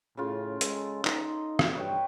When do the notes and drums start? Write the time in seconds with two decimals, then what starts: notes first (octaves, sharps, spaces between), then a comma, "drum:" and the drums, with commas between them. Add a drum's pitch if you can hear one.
0.17 A2 C#3 F4
0.61 G#3 A4, drum: hi-hat
1.05 D#4 D#5 C6, drum: clap
1.59 drum: rim click
1.75 G2 B4 C#5 G5